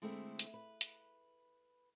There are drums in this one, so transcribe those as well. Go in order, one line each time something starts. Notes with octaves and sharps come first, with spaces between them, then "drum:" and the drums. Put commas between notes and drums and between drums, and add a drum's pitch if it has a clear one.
D3 G#3 A3 C4 E4
drum: hi-hat
B4
drum: hi-hat